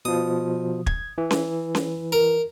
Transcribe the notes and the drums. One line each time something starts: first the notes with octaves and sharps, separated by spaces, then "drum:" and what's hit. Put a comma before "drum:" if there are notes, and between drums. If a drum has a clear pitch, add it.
B2 F3 D#6
G#6, drum: kick
E3
drum: snare C#4
drum: snare C#4
A#4